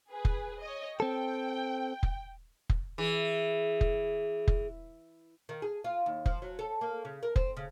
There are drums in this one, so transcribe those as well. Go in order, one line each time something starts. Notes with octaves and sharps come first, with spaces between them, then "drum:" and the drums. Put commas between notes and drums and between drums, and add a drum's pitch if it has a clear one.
G#4 B4
drum: kick F1
C#5 D#5
C4 A4 G5
drum: kick F1
drum: kick F1
E3 G#4
drum: kick F1
drum: kick F1
D#3
G#4
F4
D#2
F3, drum: kick F1
F#3
A4
A#3
C#3
A#4
C4, drum: kick F1
C#3